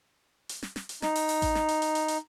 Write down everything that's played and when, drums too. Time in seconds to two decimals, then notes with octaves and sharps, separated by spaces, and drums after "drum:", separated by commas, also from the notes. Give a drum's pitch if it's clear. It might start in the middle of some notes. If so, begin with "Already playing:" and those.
0.49 drum: hi-hat
0.63 drum: snare
0.76 drum: snare
0.89 drum: hi-hat
1.02 D#4, drum: snare
1.16 drum: open hi-hat
1.29 drum: open hi-hat
1.42 drum: kick A1, hi-hat
1.55 drum: snare
1.69 drum: hi-hat
1.82 drum: hi-hat
1.95 drum: hi-hat
2.08 drum: hi-hat